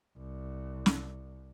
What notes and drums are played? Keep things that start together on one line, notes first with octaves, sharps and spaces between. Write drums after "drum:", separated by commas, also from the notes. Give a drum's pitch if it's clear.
C2
drum: snare